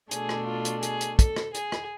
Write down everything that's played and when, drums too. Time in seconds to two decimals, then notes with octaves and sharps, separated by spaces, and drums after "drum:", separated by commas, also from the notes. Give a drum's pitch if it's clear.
0.11 B2 A3 D4 G#4, drum: hi-hat
0.29 drum: rim click
0.47 F4
0.65 drum: hi-hat
0.83 G#4, drum: hi-hat
1.01 drum: hi-hat
1.19 A4, drum: kick, hi-hat
1.36 drum: rim click
1.54 G#4, drum: hi-hat
1.72 drum: rim click